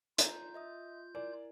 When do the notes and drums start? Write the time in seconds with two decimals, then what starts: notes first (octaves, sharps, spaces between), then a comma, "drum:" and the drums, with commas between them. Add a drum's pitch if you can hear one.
0.18 F4 A#5 G6, drum: hi-hat
0.54 D#5 E5 D#6
1.15 E4 A#4 D5 G#5